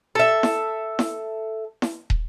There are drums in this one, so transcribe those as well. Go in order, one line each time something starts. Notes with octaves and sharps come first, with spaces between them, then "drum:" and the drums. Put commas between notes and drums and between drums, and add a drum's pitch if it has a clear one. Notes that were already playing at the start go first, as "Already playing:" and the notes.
A4 E5
drum: snare E4
drum: snare E4
drum: snare E4
drum: kick